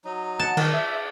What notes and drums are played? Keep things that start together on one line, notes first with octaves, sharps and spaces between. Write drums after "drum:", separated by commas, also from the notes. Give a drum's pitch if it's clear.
F#3 D#4
F#5 A5
D#3 D5, drum: cymbal
E5